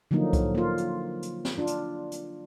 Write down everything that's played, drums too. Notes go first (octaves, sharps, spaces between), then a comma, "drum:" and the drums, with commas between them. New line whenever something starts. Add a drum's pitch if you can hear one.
D3 F3 F#3 A#3 D#4
drum: kick C2, hi-hat
A#3 F4
drum: hi-hat
drum: hi-hat
drum: snare
D4 F4
drum: hi-hat
drum: hi-hat